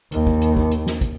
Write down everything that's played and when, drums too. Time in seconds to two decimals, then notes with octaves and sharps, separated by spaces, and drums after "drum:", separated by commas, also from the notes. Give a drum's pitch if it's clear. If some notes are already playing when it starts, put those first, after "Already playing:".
0.12 D#2, drum: hi-hat
0.27 drum: kick
0.42 drum: hi-hat
0.57 drum: kick
0.72 drum: hi-hat
0.86 drum: snare
1.01 drum: kick, hi-hat